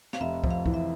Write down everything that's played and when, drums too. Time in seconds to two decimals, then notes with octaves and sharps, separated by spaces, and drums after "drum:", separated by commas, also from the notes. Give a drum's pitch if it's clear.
0.13 F5, drum: snare
0.20 F1 E5
0.44 F2, drum: kick
0.51 F5
0.66 E3, drum: kick
0.74 E5